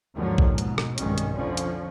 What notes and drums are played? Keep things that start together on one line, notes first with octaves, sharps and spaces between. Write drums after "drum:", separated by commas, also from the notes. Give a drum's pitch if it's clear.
D#2 G#2 D3 D#3 F3 F#3
drum: kick A#1
G#2 B2
drum: hi-hat
drum: rim click
F1 B1 G2 D#3 G#3 C#4, drum: hi-hat
drum: hi-hat
F2 D3 F3 C#4
drum: hi-hat